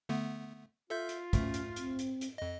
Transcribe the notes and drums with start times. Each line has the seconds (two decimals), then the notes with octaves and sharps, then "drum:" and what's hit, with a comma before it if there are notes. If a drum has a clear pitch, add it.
0.09 D3 A3 B3
0.90 F4 A4 E5 G6
1.09 drum: hi-hat
1.33 D2 A3 C#4, drum: kick, hi-hat
1.54 drum: hi-hat
1.76 C4, drum: hi-hat
1.99 drum: hi-hat
2.21 drum: hi-hat
2.38 F2 D#5